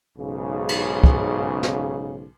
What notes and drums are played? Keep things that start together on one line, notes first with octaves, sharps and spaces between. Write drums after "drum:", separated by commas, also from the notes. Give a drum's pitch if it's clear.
B1 G#2 C#3
drum: cymbal
drum: kick
drum: snare